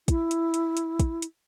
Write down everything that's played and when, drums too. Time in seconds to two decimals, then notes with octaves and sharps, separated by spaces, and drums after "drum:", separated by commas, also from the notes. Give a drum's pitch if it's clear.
0.08 E4, drum: kick, hi-hat
0.31 drum: hi-hat
0.54 drum: hi-hat
0.77 drum: hi-hat
1.00 drum: kick, hi-hat
1.22 drum: hi-hat